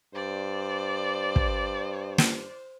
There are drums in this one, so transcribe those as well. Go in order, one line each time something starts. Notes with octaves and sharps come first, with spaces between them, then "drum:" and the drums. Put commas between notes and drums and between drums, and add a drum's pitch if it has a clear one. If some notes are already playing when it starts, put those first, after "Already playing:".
G2 C5 D5
drum: kick
drum: snare